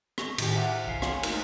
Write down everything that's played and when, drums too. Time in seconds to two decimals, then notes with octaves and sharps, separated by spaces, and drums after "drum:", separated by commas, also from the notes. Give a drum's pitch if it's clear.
0.18 C#6 A#6, drum: rim click
0.38 A2 D#3 G4, drum: cymbal
0.56 E5 F#5 D6 F#6
0.84 G1 C2 E3 F5 C7
1.02 C#5 F5 G#5 C6, drum: rim click
1.23 A3 A#3 D#4 A#4, drum: cymbal